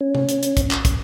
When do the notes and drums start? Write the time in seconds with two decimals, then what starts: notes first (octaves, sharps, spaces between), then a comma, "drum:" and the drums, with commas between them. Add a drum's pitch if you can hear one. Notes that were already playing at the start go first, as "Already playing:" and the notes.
0.01 C#4
0.15 drum: tom C3
0.29 drum: hi-hat
0.43 drum: hi-hat
0.57 drum: kick, hi-hat
0.71 drum: clap
0.85 drum: kick, hi-hat